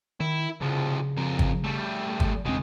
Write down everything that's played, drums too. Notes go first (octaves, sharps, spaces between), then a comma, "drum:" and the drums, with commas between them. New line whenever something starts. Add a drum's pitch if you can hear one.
D#3 E4
C2 C#3 F3
F2 A#4
drum: kick
G3 A3
drum: kick
E1 C#3 G#3 C4